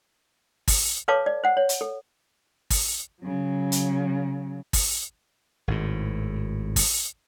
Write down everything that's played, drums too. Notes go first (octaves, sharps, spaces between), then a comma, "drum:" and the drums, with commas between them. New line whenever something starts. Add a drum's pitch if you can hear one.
drum: kick, open hi-hat
A4 B4 C#5 F5 A5 D6
D5
C5 F#5
C#5
drum: hi-hat
A4
drum: kick, open hi-hat
C#3 F#3
drum: hi-hat
drum: kick, open hi-hat
G#1 A2
drum: kick, open hi-hat